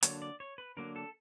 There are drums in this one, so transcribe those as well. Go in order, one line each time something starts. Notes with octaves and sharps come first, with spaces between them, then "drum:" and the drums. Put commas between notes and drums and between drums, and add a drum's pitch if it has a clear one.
D3 F#3 A#3 D4 C#5, drum: hi-hat
D5
C#5
B4
D3 F#3 A#3 D4 A#4
A4